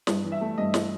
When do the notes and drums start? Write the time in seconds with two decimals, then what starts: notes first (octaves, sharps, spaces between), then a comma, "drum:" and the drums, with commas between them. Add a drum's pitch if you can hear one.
0.07 G2, drum: snare
0.24 E3
0.32 E5
0.41 A3
0.58 G2 D#5
0.74 drum: snare